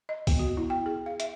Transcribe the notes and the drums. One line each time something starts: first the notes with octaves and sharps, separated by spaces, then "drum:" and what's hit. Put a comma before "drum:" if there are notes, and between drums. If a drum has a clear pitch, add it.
D#5
B3, drum: kick, open hi-hat
F#4
E4
G5
G#4
F5
E5, drum: hi-hat